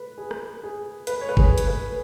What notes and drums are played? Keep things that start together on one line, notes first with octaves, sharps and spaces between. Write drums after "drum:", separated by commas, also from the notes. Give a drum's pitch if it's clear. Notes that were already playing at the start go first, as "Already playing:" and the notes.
Already playing: B4
G#4
drum: rim click
G#4
B4, drum: hi-hat
C#5
B4
G#4, drum: kick
drum: hi-hat
B4